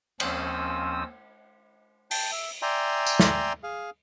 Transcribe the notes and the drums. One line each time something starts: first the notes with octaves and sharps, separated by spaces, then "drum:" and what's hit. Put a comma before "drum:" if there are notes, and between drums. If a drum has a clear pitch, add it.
D#2 F3 C4 C#4 D#6 E6, drum: cymbal
G5 A5, drum: open hi-hat
E5
D5 E5 G5 G#5 A#5 C6
drum: tambourine
drum: snare
G#4 F5